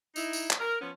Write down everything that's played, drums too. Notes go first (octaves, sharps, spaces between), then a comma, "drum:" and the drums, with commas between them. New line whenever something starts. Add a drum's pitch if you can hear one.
D#4 E4, drum: tambourine
drum: tambourine
drum: clap
A#4
F3 B3 C#4